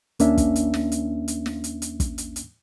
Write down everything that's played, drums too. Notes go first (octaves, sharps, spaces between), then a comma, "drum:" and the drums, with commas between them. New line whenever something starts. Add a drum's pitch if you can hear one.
D#2 A#3 C#4 D4 E5, drum: hi-hat
drum: kick, hi-hat
drum: hi-hat
drum: snare
drum: hi-hat
drum: hi-hat
drum: snare
drum: hi-hat
drum: hi-hat
drum: kick, hi-hat
drum: hi-hat
drum: hi-hat